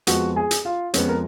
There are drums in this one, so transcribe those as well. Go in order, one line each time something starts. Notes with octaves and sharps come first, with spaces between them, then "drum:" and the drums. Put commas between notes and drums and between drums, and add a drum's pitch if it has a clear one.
F2 F3 G#3 B3 F#4 F#5, drum: hi-hat
G#4 G#5
drum: hi-hat
F4 F5
F2 F3 G#3 B3 C#4 C#5, drum: hi-hat
A#4